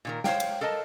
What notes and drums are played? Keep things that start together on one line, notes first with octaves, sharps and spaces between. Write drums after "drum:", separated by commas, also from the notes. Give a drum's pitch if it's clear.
A#2 D#3 A#4
C5 C#5 F5 G5, drum: snare
drum: cymbal
A4 A#4 D#5 A5